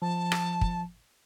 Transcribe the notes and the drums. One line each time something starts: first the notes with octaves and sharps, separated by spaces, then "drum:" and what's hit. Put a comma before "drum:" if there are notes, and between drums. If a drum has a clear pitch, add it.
F3 A5
drum: rim click
drum: kick